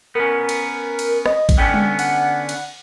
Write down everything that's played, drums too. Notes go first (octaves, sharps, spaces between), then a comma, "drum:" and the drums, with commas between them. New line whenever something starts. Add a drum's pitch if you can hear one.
B3 C#4 A#4
drum: cymbal
drum: cymbal
D#5, drum: rim click
drum: kick G#1, cymbal
D3 B3 C#4 G5
drum: tom G3
F#5, drum: cymbal
drum: cymbal